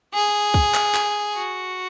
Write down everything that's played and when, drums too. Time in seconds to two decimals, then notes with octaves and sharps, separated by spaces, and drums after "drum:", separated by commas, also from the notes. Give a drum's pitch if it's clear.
0.14 G#4
0.54 drum: kick
0.74 drum: clap
0.94 drum: clap
1.35 F#4